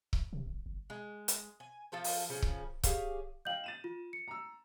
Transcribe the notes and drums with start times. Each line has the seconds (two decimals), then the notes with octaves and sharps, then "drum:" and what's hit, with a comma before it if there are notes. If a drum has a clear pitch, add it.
0.13 F1, drum: kick C#1
0.33 C3
0.46 F#1
0.66 F#1
0.90 G#3
1.28 drum: hi-hat
1.60 G#5
1.92 F3 F4 A4 C5
2.04 drum: open hi-hat
2.30 C#3 F3 C#4
2.42 drum: kick C#1
2.83 G4 G#4 C#5 F5, drum: kick C#1, hi-hat
3.45 D#5 F5 G5 G6 F#7
3.64 A6 D#7 E7
3.84 F4
4.13 C#7
4.28 A#5 E6